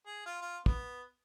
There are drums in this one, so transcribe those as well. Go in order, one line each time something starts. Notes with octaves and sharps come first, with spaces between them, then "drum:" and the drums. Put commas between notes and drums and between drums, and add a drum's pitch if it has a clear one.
G#4
F4
F4
B3, drum: kick